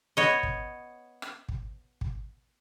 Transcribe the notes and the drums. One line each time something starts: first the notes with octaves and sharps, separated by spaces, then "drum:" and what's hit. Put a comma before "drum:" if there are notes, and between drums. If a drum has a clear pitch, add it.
B3 C#5 D#5
drum: kick
drum: rim click
drum: kick
drum: kick